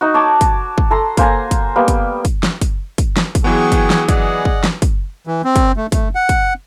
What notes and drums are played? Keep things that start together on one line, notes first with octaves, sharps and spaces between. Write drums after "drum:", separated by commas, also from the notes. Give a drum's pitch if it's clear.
D#4 F#4
C#5 A5 D6
drum: kick, hi-hat
drum: kick
A4 A#5 C6
A#3 C5 G#5 A#5, drum: kick, hi-hat
drum: kick, hi-hat
G3 A#3 B3
drum: kick, hi-hat
drum: kick, hi-hat
drum: snare
drum: kick, hi-hat
drum: kick, hi-hat
drum: snare
drum: kick, hi-hat
E3 F#3 B3 G#4 F#5 G5 C#6
drum: kick, hi-hat
drum: snare
D5 D#5 F#5, drum: kick, hi-hat
drum: kick
drum: snare
drum: kick, hi-hat
E3
C4
drum: kick, hi-hat
A3
A3, drum: kick, hi-hat
F#5
drum: kick, hi-hat